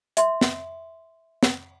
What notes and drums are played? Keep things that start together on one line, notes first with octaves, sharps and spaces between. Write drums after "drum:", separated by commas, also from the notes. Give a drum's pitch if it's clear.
E5 C6, drum: hi-hat
drum: snare
drum: snare